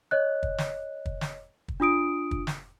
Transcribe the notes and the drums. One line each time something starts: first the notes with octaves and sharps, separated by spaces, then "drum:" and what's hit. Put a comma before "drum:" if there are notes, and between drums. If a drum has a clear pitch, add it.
C#5 D#5 F#6
drum: kick
drum: snare
drum: kick
drum: snare
drum: kick
D4 F4 D#6 D7
drum: kick
drum: snare